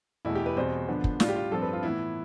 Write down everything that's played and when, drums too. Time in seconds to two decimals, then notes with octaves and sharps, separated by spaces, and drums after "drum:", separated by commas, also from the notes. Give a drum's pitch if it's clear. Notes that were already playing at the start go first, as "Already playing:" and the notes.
0.25 E2 B2 A3 E4
0.35 G4
0.46 B4
0.57 E2 B2 G3 C4 C5
0.89 D3 F3 B3 D4
1.04 drum: kick
1.20 A2 G3 D4 F4, drum: snare
1.29 G4
1.36 F4
1.51 G2 F3 C4 A4
1.62 B4
1.73 F4
1.83 A2 E3 B3 E4